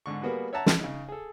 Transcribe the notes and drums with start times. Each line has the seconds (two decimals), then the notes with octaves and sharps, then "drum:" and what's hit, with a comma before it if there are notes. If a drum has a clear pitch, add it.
0.06 G#2 D3 C#6
0.22 G3 A#3 B3 F#4 G#4 B4
0.53 C#5 E5 F#5 A5 A#5
0.66 drum: snare
0.80 C#3 D#4
1.08 G#4 A4